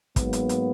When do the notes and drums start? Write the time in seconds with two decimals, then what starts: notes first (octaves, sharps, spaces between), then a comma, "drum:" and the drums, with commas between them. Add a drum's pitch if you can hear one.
0.16 G#2 F#3 A#3 B3, drum: kick, hi-hat
0.33 drum: hi-hat
0.49 drum: hi-hat